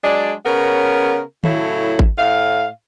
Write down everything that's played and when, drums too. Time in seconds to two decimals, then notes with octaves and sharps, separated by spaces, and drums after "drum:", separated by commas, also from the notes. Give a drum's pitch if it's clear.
0.04 F#3 G#3 D4 D5
0.46 C#3 B3 C#4 A#4
1.44 A2 C#3 F#3 E4 A4, drum: tom D#3
1.99 drum: kick G#1
2.18 A2 F5